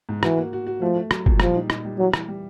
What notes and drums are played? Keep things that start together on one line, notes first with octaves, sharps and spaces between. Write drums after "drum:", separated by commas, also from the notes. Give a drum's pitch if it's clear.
G#2
E3 F#4, drum: rim click
A#3
F#4
F#4
F3 A3
A3
F#3, drum: rim click
A#2, drum: kick
F3 G3, drum: rim click
D#4
D#4, drum: rim click
G3
E3 F#3
E3, drum: rim click
G3